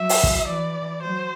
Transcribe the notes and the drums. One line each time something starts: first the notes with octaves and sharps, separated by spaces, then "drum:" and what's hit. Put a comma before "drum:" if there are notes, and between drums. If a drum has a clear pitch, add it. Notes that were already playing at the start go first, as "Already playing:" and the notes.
Already playing: F#3 E5
drum: open hi-hat
drum: kick
E3 D5
F#3 C5